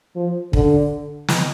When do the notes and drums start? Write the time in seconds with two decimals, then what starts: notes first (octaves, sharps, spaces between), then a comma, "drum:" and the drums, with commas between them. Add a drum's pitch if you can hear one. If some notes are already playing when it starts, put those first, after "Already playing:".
0.16 F3
0.53 D3, drum: kick
1.28 drum: snare